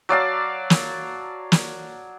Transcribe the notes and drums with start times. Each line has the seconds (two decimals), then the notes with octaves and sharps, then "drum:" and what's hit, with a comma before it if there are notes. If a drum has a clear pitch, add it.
0.09 F#3 D5 F5 A5
0.70 drum: snare
1.52 drum: snare